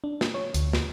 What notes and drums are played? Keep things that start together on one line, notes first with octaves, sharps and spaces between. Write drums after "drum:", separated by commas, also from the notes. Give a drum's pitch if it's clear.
D4
drum: snare
C#5
D2, drum: hi-hat
drum: snare